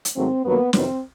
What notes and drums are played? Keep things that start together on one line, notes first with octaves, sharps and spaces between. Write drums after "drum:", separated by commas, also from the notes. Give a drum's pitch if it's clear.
drum: hi-hat
G#2 D#3 F#3 A3 C4
G2 D#3 F#3 A#3 B3
F2 C3 D#3 F#3 B3 C4, drum: snare